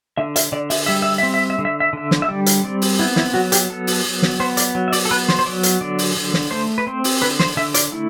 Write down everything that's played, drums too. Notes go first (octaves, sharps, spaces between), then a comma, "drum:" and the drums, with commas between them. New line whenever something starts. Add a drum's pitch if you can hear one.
D3 E5
E5, drum: hi-hat
D3 D5
E5, drum: open hi-hat
G3 E5
E5
E5
C4
E5
E5
D3
E5
E5
D3 E5
drum: snare
E5
G3 D5
drum: hi-hat
C4 D5
drum: open hi-hat
B3 E4
E4, drum: snare
F#3 F#4
G4, drum: hi-hat
B3 A4
drum: open hi-hat
F#3
drum: snare
B3 C5
D5, drum: hi-hat
F#3
E5
D5, drum: open hi-hat
A4
B3 B4
C5, drum: snare
C5
F#3 D5
drum: hi-hat
D3 D5
drum: open hi-hat
D3
drum: snare
A3 C5
B4
C4 C5
drum: open hi-hat
D3 B4
C5, drum: snare
D3 E5
D5, drum: hi-hat
A3 E4